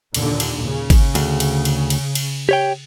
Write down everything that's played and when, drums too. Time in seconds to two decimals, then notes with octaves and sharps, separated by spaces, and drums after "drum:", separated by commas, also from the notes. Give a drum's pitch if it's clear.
0.14 D#2 A#2 D3, drum: cymbal
0.40 drum: cymbal
0.65 C#3
0.90 drum: kick, cymbal
1.15 D2, drum: cymbal
1.40 drum: cymbal
1.65 drum: cymbal
1.90 drum: cymbal
2.15 drum: cymbal
2.49 G4 C#5 G5